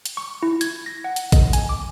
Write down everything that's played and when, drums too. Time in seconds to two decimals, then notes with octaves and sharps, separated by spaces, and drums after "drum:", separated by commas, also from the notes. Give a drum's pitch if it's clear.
0.05 drum: hi-hat
0.17 C#6
0.43 E4
0.61 G#6, drum: hi-hat
0.86 A#6
1.04 F#5
1.16 drum: hi-hat
1.32 D#5, drum: kick A1, hi-hat
1.53 G#5, drum: hi-hat
1.69 D6